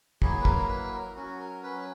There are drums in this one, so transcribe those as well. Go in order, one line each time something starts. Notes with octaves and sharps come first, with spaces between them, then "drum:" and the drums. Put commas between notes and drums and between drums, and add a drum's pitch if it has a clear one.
F#3 A#3 E4 G#4, drum: kick
B4
A#4, drum: kick
B4
A#4
F#3 C#4 F#4
A#4
B4